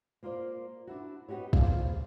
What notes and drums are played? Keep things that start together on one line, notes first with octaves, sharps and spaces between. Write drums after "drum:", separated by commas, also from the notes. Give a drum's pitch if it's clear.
A#3 F4 A#4 C5 D5
D4 E4 F#4
B3 D#4 F#4 G4 C#5
F4 G#4 A#4 C5 D5 F5, drum: kick